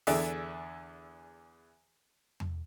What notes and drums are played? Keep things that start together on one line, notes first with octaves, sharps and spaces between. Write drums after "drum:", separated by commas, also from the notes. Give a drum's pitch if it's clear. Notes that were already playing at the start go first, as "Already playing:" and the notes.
E2 D3 G#4 D5 E5 F#6, drum: open hi-hat
drum: tom E2